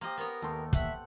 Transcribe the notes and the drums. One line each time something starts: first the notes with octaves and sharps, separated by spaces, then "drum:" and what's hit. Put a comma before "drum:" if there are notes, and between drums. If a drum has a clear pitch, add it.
A#3 G4 C5 D#5
B3 A#4 C#5
D#2 A3 C6
E5 F#5, drum: kick, hi-hat